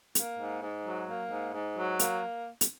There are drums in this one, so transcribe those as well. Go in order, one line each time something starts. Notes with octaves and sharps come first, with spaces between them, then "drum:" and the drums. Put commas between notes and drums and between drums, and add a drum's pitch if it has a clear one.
A#3, drum: hi-hat
G#2
G#2
F#3
A#3
G#2
G#2
F#3
A#3, drum: hi-hat
drum: hi-hat